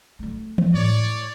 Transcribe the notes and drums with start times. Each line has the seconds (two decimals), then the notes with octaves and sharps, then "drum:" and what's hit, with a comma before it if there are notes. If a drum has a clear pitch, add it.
0.19 F#3 A3
0.58 drum: tom E3
0.74 A2 C#5 D5